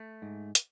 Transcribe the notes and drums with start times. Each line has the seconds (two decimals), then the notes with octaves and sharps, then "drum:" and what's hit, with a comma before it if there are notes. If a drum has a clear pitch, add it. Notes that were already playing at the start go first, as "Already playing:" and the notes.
Already playing: A3
0.22 G#2
0.55 drum: hi-hat